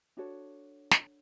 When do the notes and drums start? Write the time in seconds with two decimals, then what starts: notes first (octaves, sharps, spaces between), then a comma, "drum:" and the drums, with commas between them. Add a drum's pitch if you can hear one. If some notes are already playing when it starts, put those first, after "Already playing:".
0.17 D4 F#4 A4 C#5
0.91 drum: snare